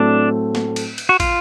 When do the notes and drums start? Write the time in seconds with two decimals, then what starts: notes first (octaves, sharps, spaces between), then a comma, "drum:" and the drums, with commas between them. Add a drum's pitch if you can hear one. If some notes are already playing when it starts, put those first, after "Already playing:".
Already playing: A2 F#3 A3 C4 D4
0.55 drum: snare
0.76 drum: cymbal
0.98 drum: cymbal
1.09 F#4
1.20 F4, drum: kick, cymbal